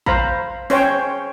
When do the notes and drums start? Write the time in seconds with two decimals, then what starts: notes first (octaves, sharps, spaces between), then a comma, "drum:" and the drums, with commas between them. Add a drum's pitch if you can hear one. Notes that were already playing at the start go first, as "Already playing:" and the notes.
0.06 C5 F5 A#5 B5, drum: kick A1
0.70 C#4 C5 C#5 G5, drum: open hi-hat